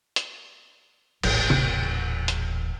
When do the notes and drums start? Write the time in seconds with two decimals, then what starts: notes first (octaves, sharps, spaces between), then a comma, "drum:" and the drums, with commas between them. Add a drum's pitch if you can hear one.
0.16 drum: hi-hat
1.23 D#1 A1, drum: cymbal
1.50 drum: tom C3
2.28 drum: hi-hat